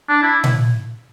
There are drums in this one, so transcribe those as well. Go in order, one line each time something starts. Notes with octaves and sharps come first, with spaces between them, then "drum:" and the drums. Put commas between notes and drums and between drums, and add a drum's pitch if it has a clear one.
D4
E4
drum: tom A#2